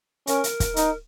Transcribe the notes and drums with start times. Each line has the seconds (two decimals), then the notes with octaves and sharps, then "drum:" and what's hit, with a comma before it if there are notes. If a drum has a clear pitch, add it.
0.27 C#4 A#4, drum: hi-hat
0.44 drum: hi-hat
0.60 drum: kick, hi-hat
0.76 D#4, drum: hi-hat